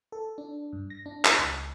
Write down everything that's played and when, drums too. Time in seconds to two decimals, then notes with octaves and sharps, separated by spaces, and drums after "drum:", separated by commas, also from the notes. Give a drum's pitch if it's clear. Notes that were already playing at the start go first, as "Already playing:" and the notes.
0.12 A4
0.38 D4
0.73 G2
0.90 A#6
1.06 D4
1.25 drum: clap
1.38 C#2